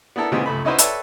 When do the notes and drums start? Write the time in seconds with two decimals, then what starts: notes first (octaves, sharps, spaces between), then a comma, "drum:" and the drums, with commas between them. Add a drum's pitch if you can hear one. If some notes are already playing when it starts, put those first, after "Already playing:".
0.16 B3 D4 E4 A4 A#4
0.32 A#2 C#3 E3 G#3 B3 C4
0.46 C#2 F#2 A3 B5
0.65 C#4 D#4 E4 B4 C5 F#5
0.78 A4 B4 C#5 D5 E5 G5, drum: hi-hat